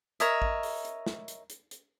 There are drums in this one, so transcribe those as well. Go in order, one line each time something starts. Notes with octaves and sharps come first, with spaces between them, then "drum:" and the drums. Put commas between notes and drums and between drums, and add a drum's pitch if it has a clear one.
A#4 C#5 D#5 E5, drum: hi-hat
drum: kick A1
drum: open hi-hat
drum: hi-hat
drum: snare
drum: hi-hat
drum: hi-hat
drum: hi-hat